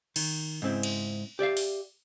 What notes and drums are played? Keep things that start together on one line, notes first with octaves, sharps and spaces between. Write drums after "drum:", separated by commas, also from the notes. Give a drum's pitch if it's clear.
D#3, drum: cymbal
G#2 C#3 C4 E4
drum: cymbal
G4 D5 E5 F5
drum: open hi-hat